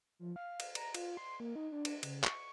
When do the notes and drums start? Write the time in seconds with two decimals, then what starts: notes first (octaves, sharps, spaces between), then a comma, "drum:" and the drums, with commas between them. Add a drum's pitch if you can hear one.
0.19 F3
0.36 F5
0.60 drum: cymbal
0.75 A#5, drum: cymbal
0.95 F4, drum: cymbal
1.17 C6
1.40 A#3
1.56 D#4
1.72 D4
1.85 drum: cymbal
2.03 C#3, drum: cymbal
2.24 C#6, drum: clap